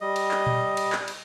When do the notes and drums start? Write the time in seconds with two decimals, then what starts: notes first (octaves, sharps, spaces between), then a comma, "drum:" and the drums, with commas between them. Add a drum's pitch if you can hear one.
0.01 G3 D#5
0.16 drum: cymbal
0.31 drum: clap
0.47 drum: tom A#2
0.77 drum: cymbal
0.92 drum: clap
1.08 drum: cymbal